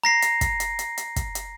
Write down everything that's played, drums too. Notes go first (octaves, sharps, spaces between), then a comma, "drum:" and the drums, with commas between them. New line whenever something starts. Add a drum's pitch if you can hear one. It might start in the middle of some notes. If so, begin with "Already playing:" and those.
A#5 A#6 C7
drum: hi-hat
drum: kick, hi-hat
drum: hi-hat
drum: hi-hat
drum: hi-hat
drum: kick, hi-hat
drum: hi-hat